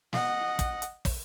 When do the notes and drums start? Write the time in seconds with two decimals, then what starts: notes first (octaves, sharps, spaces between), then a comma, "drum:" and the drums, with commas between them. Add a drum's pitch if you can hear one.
0.13 D#5 F#5, drum: snare
0.59 drum: kick, hi-hat
0.82 drum: hi-hat
1.05 drum: kick, open hi-hat